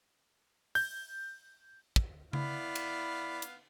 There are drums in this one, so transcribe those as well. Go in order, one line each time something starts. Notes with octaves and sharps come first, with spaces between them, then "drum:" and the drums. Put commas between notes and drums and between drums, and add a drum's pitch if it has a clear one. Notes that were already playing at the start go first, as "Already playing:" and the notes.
G6, drum: open hi-hat
drum: kick
B3 E4 D5 F5 B5, drum: tom C#3
drum: cymbal
drum: hi-hat